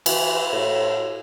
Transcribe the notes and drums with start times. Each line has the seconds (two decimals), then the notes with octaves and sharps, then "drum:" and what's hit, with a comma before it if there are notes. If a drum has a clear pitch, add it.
0.06 E3, drum: cymbal
0.53 A2